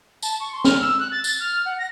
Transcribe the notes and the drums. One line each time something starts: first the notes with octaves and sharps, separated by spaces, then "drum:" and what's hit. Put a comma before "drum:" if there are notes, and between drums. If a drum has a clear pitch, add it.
A5, drum: tambourine
C#6
C6
F6, drum: snare
E6
F#6
A6
A6, drum: tambourine
F6
F#5
A#6